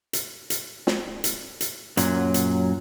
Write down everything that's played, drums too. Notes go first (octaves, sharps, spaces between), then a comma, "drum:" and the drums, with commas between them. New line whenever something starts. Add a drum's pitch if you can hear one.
drum: hi-hat
drum: hi-hat
drum: snare
drum: hi-hat
drum: hi-hat
F#2 A#2 F#3, drum: hi-hat
drum: hi-hat